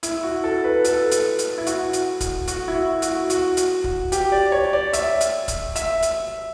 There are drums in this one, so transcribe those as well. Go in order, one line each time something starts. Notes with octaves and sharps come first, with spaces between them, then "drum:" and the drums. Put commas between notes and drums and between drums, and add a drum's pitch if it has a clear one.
E4, drum: hi-hat
F#4
A4
B4
A4, drum: hi-hat
drum: hi-hat
drum: hi-hat
E4
F#4, drum: hi-hat
drum: hi-hat
drum: kick, hi-hat
F#4, drum: hi-hat
E4
F#4
F#4, drum: hi-hat
F#4, drum: hi-hat
drum: hi-hat
drum: kick
G4, drum: hi-hat
D5
C#5
D5
E5, drum: hi-hat
drum: hi-hat
drum: kick, hi-hat
E5, drum: hi-hat
drum: hi-hat